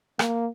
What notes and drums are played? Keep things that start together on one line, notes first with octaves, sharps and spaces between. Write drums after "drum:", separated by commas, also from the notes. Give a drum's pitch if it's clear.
A#3, drum: rim click